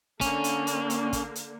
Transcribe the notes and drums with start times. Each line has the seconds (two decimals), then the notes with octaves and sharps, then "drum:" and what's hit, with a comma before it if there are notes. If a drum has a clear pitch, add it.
0.21 D3 A#3 C#4, drum: kick, hi-hat
0.44 drum: hi-hat
0.67 drum: hi-hat
0.90 drum: hi-hat
1.13 drum: kick, hi-hat
1.35 drum: hi-hat